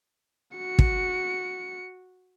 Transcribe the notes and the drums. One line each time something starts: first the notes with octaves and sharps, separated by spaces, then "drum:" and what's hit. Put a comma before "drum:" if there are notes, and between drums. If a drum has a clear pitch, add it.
F#4 C#7
drum: kick